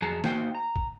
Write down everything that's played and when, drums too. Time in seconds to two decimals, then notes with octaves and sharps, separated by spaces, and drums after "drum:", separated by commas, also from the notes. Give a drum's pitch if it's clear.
0.02 F2 F#3 G#4 A5 A#5
0.24 A#3 D#4 F#4 C5 F5 G5, drum: snare
0.55 A#5
0.76 drum: kick